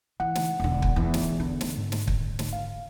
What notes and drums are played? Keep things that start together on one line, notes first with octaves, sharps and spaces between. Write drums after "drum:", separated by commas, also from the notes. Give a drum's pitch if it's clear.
E3 F#5
drum: snare
E1 D3
drum: kick
E2 E3 B3
drum: snare
D3
drum: snare
G#2
drum: snare
drum: kick
drum: snare
F5